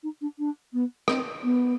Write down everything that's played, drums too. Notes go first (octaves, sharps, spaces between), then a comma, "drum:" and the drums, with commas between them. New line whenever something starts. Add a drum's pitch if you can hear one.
D#4
D4
D4
B3
C4, drum: rim click
B3